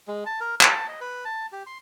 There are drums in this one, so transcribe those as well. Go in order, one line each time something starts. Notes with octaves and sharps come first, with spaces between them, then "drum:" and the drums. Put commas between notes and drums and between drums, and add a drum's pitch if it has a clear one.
G#3
A5
A#4
A5, drum: clap
D#5
B4
A5
G4
C6